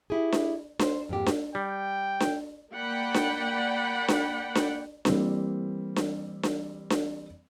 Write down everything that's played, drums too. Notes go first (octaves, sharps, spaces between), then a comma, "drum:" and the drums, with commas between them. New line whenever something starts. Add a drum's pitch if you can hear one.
E4 G4 G#4
drum: snare D4
C5, drum: snare D4
F2 G#2 A#3 G4
drum: snare D4
G3 G5
drum: snare D4
A#3 D5 F#5 G5 B5
drum: snare D4
drum: snare D4
drum: snare D4
E3 G3 A#3 C4, drum: snare D4
drum: snare D4
drum: snare D4
drum: snare D4